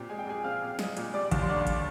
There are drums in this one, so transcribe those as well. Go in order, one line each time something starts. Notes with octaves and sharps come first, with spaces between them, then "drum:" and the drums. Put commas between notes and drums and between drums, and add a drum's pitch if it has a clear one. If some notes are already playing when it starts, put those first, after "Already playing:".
Already playing: A#2 C4 G4
G#3 G#5
G5
A#2 G#4 G#5
C4 F5 F6
A#2
G#3, drum: snare
A#2, drum: hi-hat
G3 D5 D6
D#2, drum: kick A1, hi-hat
C6
D3 D5 D6
drum: kick A1, hi-hat